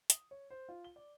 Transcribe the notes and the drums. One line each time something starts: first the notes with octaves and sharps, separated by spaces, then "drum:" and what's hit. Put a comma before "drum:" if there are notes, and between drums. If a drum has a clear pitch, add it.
D#6, drum: hi-hat
C#5
C5
F4
G7
D5